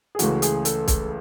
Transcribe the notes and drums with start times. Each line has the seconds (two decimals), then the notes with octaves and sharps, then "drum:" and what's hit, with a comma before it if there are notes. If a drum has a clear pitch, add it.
0.15 G#4
0.19 C#2 C#3 E3 A3 F#4, drum: hi-hat
0.42 G#4, drum: hi-hat
0.65 A4, drum: hi-hat
0.88 A4, drum: kick, hi-hat